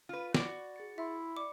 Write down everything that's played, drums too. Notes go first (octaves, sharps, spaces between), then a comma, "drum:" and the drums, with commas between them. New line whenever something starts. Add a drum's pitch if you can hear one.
F4 B4
F#4 D5 D6 A6 D7, drum: snare
G#4 A6 C#7
E4 E5 B5 C6
D5 B5 D6 C#7